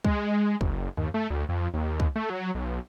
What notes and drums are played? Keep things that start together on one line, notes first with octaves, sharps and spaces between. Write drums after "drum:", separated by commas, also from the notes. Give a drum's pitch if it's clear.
G#3, drum: kick
F#1, drum: kick
D#2, drum: tom F#2
A3
D2
F2
D#2
drum: kick
A3
F#3
B1